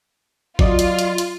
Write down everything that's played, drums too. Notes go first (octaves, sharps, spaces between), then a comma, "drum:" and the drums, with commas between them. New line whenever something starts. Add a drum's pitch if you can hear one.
F#3 F4 D5 D#5, drum: kick
drum: hi-hat
drum: hi-hat
drum: hi-hat